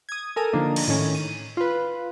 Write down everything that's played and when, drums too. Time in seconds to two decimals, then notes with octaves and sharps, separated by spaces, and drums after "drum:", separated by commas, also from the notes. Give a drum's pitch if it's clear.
0.09 D#6 G#6
0.36 A4 A#4 G#5 D#6
0.53 D3 F3 A#3 D4 D#4
0.76 drum: cymbal
0.88 A2 D#3 C#4
1.15 D#7
1.57 F4 B4